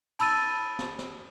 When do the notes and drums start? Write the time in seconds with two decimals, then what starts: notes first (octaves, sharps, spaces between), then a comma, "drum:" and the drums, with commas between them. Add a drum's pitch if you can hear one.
0.19 A5 B5 E6 A6 D#7, drum: cymbal
0.79 drum: snare
0.99 drum: snare